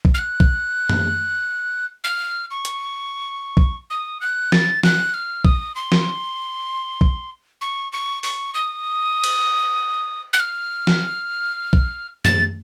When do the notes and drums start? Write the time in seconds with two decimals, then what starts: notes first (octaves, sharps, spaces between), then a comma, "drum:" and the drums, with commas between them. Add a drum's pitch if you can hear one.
0.05 drum: kick
0.14 F6
0.19 F#6
0.40 drum: kick
0.89 drum: tom
2.04 F6
2.51 C#6
2.65 drum: hi-hat
3.57 drum: kick
3.90 D#6
4.21 F#6
4.52 A6, drum: snare
4.83 F#6, drum: snare
5.14 F6
5.45 D#6, drum: kick
5.76 C6
5.92 drum: snare
7.01 drum: kick
7.61 C#6
7.92 C#6
8.23 C#6, drum: open hi-hat
8.54 D#6
9.24 drum: cymbal
10.33 F#6
10.40 F6
10.87 drum: snare
11.73 drum: kick
12.25 A6, drum: tom